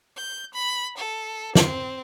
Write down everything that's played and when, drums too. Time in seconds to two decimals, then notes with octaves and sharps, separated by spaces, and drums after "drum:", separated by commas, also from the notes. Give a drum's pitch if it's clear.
0.17 G6
0.54 B5
0.97 A4
1.55 C4, drum: snare